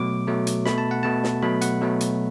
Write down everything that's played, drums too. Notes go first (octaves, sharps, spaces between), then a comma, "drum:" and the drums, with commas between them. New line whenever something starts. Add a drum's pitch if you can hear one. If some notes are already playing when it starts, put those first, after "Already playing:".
Already playing: B2 F#3 A3 D6
B2 F#3 A3
drum: hi-hat
B2 A3 B5, drum: snare
A5
F#5
B2 A3 A5
drum: snare
B2 F#3 A3 B5
F#5, drum: hi-hat
B2 F#3 A3
drum: hi-hat